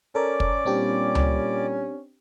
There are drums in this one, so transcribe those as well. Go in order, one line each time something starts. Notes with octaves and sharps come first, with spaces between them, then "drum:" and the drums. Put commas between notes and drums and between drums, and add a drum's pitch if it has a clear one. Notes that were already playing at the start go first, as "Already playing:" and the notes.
C#4 A4 A#4 D5 D6
drum: kick
A#2 G3 C4 D4 G4
drum: tom C#2